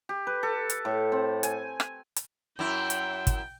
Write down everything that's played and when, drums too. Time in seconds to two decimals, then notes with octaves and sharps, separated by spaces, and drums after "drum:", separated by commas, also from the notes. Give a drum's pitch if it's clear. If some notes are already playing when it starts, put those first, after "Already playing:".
0.09 G4
0.27 B4
0.43 A4
0.70 drum: hi-hat
0.85 A2
1.12 C4
1.43 G#5, drum: hi-hat
1.80 drum: rim click
2.16 drum: hi-hat
2.59 F#2 E4 G5
2.90 drum: hi-hat
3.27 drum: kick, hi-hat